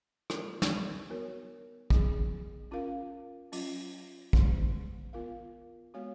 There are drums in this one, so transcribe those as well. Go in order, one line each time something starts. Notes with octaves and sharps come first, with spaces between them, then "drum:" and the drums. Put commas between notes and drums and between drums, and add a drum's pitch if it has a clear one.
A#3 F4 A#4, drum: rim click
drum: snare
B3 D#4 F#4 A#4 C#5
F3 B3 D#4 G#4, drum: kick
C#4 F4 A#4 F5
F#3 C#4 F4, drum: open hi-hat
D#3 G#3 B3, drum: kick
B3 F4 A#4 F5
G#3 B3 F#4 C#5 F5